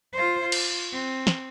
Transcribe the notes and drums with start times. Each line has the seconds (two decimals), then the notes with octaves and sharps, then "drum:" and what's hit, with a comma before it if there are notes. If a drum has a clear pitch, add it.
0.13 F4 C5
0.42 F4
0.52 drum: cymbal
0.91 C4
1.27 drum: snare